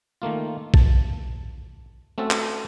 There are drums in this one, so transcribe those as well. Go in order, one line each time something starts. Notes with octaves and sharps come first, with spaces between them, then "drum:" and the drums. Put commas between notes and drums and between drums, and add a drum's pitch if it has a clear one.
D#3 A3 A#3 F4
A5, drum: kick A#1
A3 C4 C#4 F#4 A4 E5
drum: clap